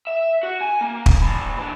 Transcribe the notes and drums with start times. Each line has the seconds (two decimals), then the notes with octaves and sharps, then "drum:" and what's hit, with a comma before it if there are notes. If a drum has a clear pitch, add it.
0.07 E5
0.43 F#4
0.61 G#5
0.81 A#3
1.06 drum: kick
1.22 A#2 B5
1.58 E3 D4